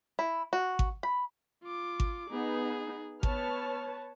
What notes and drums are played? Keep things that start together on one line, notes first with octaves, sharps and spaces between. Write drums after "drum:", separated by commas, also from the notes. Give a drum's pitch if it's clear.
E4
F#4
drum: kick G#1
B5
F4 D6
drum: kick G#1
B3 D#4 G#4
B3 B4 C#5 A5 F6, drum: kick G#1